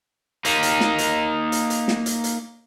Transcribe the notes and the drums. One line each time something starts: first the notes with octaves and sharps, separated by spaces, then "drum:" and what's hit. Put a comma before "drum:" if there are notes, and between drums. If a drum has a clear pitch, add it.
A#3 D#4, drum: hi-hat
drum: hi-hat
drum: snare
drum: hi-hat
drum: hi-hat
drum: hi-hat
drum: snare
drum: hi-hat
drum: hi-hat